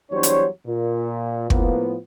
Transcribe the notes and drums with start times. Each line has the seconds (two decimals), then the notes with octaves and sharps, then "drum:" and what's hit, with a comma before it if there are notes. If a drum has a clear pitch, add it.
0.11 E2 F#3 G3 D4 C5 C#5
0.23 drum: hi-hat
0.67 A#2
1.50 A2 F3 A#3 B3, drum: kick